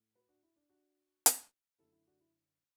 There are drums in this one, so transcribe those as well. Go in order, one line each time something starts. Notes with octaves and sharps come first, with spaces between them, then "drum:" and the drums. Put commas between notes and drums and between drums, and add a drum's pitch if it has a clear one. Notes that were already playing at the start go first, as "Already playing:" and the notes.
Already playing: A2 A3
F#4 B4
D4 F#4
E4
D4
D4 F#4
drum: hi-hat
F#2 D3 A3 E4 A4
E4
D4 F#4
E4